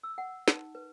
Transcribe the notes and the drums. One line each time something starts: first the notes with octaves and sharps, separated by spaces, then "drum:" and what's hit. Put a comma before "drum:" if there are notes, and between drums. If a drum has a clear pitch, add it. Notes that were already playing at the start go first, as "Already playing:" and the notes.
E6
F#5
D#4, drum: snare
B4